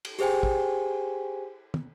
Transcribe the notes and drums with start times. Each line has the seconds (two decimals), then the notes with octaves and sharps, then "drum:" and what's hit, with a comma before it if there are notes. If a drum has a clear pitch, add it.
0.05 drum: cymbal
0.19 G4 G#4 C5 G5 G#5, drum: open hi-hat
0.43 drum: kick
1.74 drum: tom